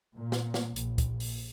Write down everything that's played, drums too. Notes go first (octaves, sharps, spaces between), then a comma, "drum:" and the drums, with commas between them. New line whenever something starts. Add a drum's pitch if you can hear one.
A#2
drum: snare
drum: snare
A#1, drum: hi-hat
drum: kick, hi-hat
drum: open hi-hat